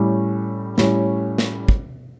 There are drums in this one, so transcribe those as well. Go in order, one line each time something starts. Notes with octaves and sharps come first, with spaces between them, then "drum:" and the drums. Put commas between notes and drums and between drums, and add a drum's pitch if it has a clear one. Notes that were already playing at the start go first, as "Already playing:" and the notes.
Already playing: A2 G3 C#4
A2 G3 C#4, drum: snare
drum: snare
drum: kick